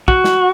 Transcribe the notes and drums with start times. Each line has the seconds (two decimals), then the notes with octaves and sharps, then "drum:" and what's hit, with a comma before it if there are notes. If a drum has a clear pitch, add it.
0.08 F#4, drum: kick
0.24 drum: snare